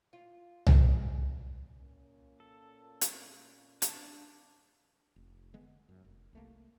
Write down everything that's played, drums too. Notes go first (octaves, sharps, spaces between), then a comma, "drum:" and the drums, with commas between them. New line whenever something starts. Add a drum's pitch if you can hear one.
F4
G#4, drum: tom
A#2 A#3 C#4
A4
drum: hi-hat
D4 A5, drum: hi-hat
F1
D3 G#3 B3
F#2
F1
C2 A3 A#3